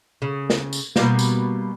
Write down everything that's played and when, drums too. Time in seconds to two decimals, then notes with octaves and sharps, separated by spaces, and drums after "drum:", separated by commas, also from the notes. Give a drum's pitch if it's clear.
0.22 C#3
0.50 drum: snare
0.73 drum: tambourine
0.96 B2 G3 A#3, drum: snare
1.19 drum: tambourine